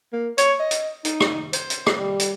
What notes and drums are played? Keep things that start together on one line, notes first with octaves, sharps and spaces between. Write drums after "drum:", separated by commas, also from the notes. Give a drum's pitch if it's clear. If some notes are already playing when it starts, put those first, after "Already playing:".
A#3
C#5, drum: hi-hat
D#5
drum: hi-hat
D#4, drum: hi-hat
drum: rim click
C5, drum: hi-hat
drum: hi-hat
drum: rim click
G3
drum: hi-hat